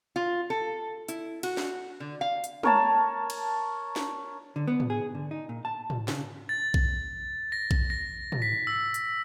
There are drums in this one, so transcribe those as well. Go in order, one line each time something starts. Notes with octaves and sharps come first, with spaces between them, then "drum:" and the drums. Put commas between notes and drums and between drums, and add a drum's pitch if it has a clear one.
F4
A4
E4, drum: hi-hat
F#4, drum: cymbal
drum: snare
D3
F5
drum: hi-hat
A#4 C#5 A5, drum: tom
drum: cymbal
drum: snare
D3
B3
drum: tom
G#4
D3
D#4
A#2
A5
drum: tom
C#3, drum: snare
A6
drum: kick A#1
A#6
drum: kick A#1
A#6
drum: tom
B6
E6
drum: hi-hat